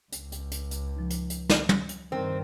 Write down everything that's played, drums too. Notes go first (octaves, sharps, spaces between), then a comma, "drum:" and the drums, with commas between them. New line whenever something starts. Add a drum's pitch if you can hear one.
C#2, drum: hi-hat
drum: hi-hat
drum: hi-hat
drum: hi-hat
F3 D#4
drum: hi-hat
drum: hi-hat
drum: snare
drum: tom
drum: hi-hat
G2 D#3 C4